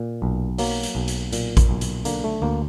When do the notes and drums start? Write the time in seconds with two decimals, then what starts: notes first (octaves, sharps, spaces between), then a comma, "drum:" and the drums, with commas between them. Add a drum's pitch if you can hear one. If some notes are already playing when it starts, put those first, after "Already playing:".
Already playing: A#2
0.22 B1
0.58 F#3 A#3, drum: open hi-hat
0.83 drum: hi-hat
0.95 B1
1.08 drum: hi-hat
1.33 A#2, drum: hi-hat
1.57 drum: kick A1, hi-hat
1.69 B1
1.81 drum: hi-hat
2.05 D3 A#3, drum: hi-hat
2.24 A3
2.42 D2 A#3